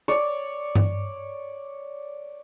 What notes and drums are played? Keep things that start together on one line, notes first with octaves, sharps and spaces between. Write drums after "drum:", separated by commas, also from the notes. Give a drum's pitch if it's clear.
C#5 D5
drum: tom G2